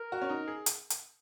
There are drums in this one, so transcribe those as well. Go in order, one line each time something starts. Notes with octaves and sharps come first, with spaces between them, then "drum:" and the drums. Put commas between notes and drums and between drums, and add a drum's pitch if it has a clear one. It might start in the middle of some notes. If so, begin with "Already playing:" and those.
Already playing: A#4
F#4
C#4
D#4
G#4
drum: hi-hat
drum: hi-hat